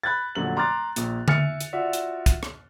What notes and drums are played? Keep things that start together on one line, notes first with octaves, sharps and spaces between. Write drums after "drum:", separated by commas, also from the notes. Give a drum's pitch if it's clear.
B5 F#6 G#6 A6
F1 A#2 D3 F#3 F#7
A#5 C6 D6 F6 F#6 A6
A#1 A#2, drum: hi-hat
E5 G#5 F6 A6 C#7, drum: tom D3
drum: hi-hat
F4 F#4 D5 E5
drum: hi-hat
drum: kick, hi-hat
drum: rim click